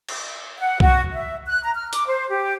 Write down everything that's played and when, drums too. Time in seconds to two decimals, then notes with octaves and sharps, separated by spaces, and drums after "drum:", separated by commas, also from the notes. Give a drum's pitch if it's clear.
0.09 drum: cymbal
0.59 F#5
0.80 F#4, drum: kick C2
1.12 E5
1.47 F#6
1.63 A#5
1.75 F6
1.93 D6, drum: hi-hat
2.07 C5
2.29 G4